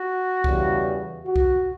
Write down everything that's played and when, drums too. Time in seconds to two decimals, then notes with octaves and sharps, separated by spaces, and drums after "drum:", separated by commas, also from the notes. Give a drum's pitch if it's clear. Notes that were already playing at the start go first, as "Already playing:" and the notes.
Already playing: F#4
0.44 E2 C#3 E3 G3, drum: kick C2
1.25 F#4
1.36 drum: kick C2